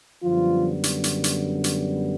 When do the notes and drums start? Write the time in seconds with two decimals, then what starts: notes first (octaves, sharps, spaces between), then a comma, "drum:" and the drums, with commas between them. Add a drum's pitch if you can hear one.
0.23 F#2 D3 F3 G3 B3 F4
0.84 drum: hi-hat
1.04 drum: hi-hat
1.24 drum: hi-hat
1.64 drum: hi-hat